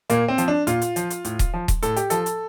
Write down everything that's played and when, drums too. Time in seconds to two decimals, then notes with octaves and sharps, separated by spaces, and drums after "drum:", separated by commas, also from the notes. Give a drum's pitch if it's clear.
0.10 A#2 A#3, drum: hi-hat
0.28 C4
0.38 F3, drum: hi-hat
0.48 D4
0.67 A#2 F4, drum: hi-hat
0.81 drum: hi-hat
0.96 F3, drum: hi-hat
1.10 drum: hi-hat
1.25 A2, drum: hi-hat
1.39 drum: kick D#1, hi-hat
1.54 F3
1.68 drum: kick D#1, hi-hat
1.82 A2 A4, drum: hi-hat
1.96 G4, drum: hi-hat
2.10 F3 A4, drum: hi-hat
2.26 drum: hi-hat